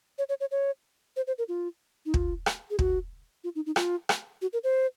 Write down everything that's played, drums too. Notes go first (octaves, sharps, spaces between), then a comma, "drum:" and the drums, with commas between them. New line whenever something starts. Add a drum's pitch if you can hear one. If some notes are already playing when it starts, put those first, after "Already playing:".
C#5
C#5
C#5
C#5
C5
C5
A#4
F4
D#4
F4, drum: kick
drum: rim click
G#4
F#4, drum: kick
F4
D#4
D#4
F4, drum: rim click
drum: rim click
F#4
A#4
C5